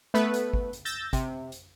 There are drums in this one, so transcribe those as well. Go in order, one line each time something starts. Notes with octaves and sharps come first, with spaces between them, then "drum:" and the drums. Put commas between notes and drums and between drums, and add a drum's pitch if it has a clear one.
A3 B3 B4
drum: hi-hat
drum: kick
drum: hi-hat
E6 G6 A6 A#6
C3, drum: kick, hi-hat
drum: hi-hat